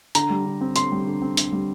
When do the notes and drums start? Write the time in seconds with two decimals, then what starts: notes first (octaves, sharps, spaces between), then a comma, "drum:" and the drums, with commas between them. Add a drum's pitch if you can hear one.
0.15 D3 A#5, drum: hi-hat
0.30 G3
0.46 D3
0.61 C4
0.76 D3 C6, drum: hi-hat
0.92 G3
1.07 D3
1.22 C4
1.37 D3, drum: hi-hat
1.52 G3